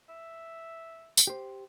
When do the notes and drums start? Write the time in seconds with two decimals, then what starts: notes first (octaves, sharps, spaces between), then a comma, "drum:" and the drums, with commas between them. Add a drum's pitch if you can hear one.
0.09 E5
1.17 drum: tambourine
1.27 G4 C5